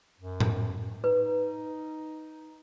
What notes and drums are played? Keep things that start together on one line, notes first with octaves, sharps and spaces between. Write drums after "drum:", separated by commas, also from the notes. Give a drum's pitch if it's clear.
F#2
drum: tom A2
D#4 B4